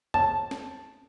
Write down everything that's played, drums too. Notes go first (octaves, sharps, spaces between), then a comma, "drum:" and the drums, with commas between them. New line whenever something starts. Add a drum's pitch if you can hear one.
A5, drum: tom E2
drum: snare